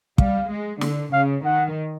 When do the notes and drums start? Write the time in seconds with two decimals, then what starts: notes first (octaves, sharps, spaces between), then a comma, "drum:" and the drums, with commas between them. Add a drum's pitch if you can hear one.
0.18 G3 F5, drum: kick
0.50 G#3
0.81 D3, drum: snare
1.13 C#3 F5
1.45 D#3 F#5